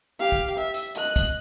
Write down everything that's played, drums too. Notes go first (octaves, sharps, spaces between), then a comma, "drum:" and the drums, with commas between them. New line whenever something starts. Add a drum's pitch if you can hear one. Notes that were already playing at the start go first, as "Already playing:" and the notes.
G4 F5
drum: kick
E5
drum: hi-hat
D#5 F#6, drum: hi-hat
drum: kick, hi-hat